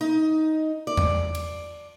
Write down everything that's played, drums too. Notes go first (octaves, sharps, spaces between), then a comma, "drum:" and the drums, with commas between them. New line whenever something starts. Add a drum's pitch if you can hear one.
D#4
D5
drum: tom E2
drum: cymbal